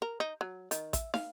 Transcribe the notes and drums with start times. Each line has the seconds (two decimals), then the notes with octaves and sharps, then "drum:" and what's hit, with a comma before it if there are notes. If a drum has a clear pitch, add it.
0.02 A#4
0.20 D#4
0.41 F#3
0.71 D#3, drum: hi-hat
0.93 E5, drum: kick A1, hi-hat
1.14 F5, drum: snare